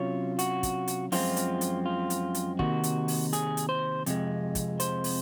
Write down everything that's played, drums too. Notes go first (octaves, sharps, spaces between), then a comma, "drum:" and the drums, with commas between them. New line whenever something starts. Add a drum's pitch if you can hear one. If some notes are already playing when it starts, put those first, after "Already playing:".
Already playing: C3 F#3 C#4 F4 C#5
F#4, drum: hi-hat
drum: kick, hi-hat
drum: hi-hat
F#2 F3 G#3 C4 F4, drum: open hi-hat
drum: hi-hat
drum: hi-hat
F4
drum: hi-hat
drum: hi-hat
C3 D#3 A#3 F#4, drum: kick
drum: hi-hat
drum: open hi-hat
G#4, drum: hi-hat
drum: hi-hat
C5
F2 C3 G#3, drum: hi-hat
drum: kick, hi-hat
C5, drum: hi-hat
drum: open hi-hat